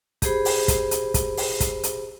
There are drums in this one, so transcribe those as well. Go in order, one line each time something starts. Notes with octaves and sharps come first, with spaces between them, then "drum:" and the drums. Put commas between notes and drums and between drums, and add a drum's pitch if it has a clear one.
G4 G#4 C5 B5, drum: kick, hi-hat
drum: open hi-hat
drum: kick, hi-hat
drum: hi-hat
drum: kick, hi-hat
drum: open hi-hat
drum: kick, hi-hat
drum: hi-hat